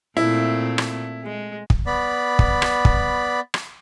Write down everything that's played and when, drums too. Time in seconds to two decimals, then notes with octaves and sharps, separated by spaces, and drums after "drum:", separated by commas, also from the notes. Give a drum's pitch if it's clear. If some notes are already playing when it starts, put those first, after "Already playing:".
0.17 A#2 A3 C4 E4
0.78 drum: rim click
1.24 G#3
1.70 drum: kick
1.86 B3 D5 B5
2.39 drum: kick
2.62 drum: rim click
2.85 drum: kick
3.54 drum: rim click